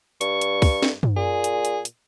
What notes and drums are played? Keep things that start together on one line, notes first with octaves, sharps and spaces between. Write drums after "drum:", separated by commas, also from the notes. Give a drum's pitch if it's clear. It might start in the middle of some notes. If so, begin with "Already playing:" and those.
G2 C#6, drum: hi-hat
drum: hi-hat
drum: kick, open hi-hat
drum: snare
drum: tom
A#2 G#4
drum: hi-hat
drum: hi-hat
drum: hi-hat